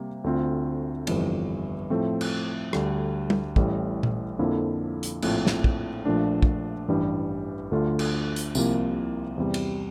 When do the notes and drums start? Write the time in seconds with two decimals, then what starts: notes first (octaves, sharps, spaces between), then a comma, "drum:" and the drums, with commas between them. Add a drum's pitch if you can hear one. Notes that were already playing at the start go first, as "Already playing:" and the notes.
Already playing: C3 G3 A#3
0.24 D2 D3 A3 C4 F4
1.07 G1 F2 E3 G3, drum: cymbal
1.90 A2 F3 A3 C4
2.21 drum: cymbal
2.73 D2 D3 G3, drum: rim click
3.30 drum: tom G3
3.56 A1 A2 G3, drum: kick
4.03 drum: tom A#2
4.39 F2 D3 F3 A#3 E4
5.03 drum: hi-hat
5.22 A#1 A2 F3 C4, drum: cymbal
5.47 drum: snare
5.64 drum: kick
6.05 A#1 A#2 F3 A3 D4
6.42 drum: kick
6.88 A1 G2 E3 G3 D4
7.71 D2 D3 A3 D4 F4
7.99 drum: cymbal
8.36 drum: hi-hat
8.55 C2 C3 F3 A#3 E4, drum: tambourine
9.38 E2 C3 G3
9.54 drum: cymbal